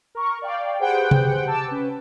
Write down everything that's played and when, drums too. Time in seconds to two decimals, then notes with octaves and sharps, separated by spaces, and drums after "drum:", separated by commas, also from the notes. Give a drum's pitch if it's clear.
0.15 A#4 C#6
0.42 D5 F5 G5
0.79 G4 G#4 B4 C5 F#5 G5
1.11 drum: tom C3
1.47 A5 D6 E6
1.68 C#4 B4